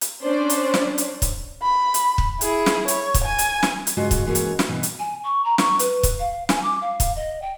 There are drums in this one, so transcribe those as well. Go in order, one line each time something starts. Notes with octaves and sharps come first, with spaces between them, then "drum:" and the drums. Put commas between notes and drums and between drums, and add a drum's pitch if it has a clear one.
drum: hi-hat
C#4 D4 C5 D5
drum: hi-hat
drum: snare
drum: hi-hat
drum: kick, hi-hat
B5
drum: hi-hat
drum: kick
E4 G#4, drum: hi-hat
drum: snare
C#5, drum: hi-hat
drum: kick, hi-hat
G#5
drum: hi-hat
drum: snare
drum: hi-hat
G2 C#3 G#3 F4 F#4 D#5
drum: kick, hi-hat
E3 G#3 A#3 C#4 F#4
drum: hi-hat
drum: snare
B2 E3
drum: hi-hat
G#5
C#6
A#5
C#6, drum: snare
B4, drum: hi-hat
drum: kick, hi-hat
F5
G#5, drum: snare
D6
F5
drum: kick, hi-hat
D#5
G5